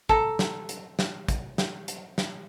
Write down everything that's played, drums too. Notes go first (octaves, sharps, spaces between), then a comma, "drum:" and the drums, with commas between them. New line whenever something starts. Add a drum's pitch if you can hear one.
A4 A#5, drum: kick
drum: snare
drum: hi-hat
drum: snare
drum: kick, hi-hat
drum: snare
drum: hi-hat
drum: snare